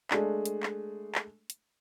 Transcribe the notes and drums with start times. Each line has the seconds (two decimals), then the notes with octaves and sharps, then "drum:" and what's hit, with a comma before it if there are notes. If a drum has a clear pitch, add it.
0.11 G#3 A3 D4, drum: clap
0.46 drum: hi-hat
0.63 drum: clap
1.15 drum: clap
1.50 drum: hi-hat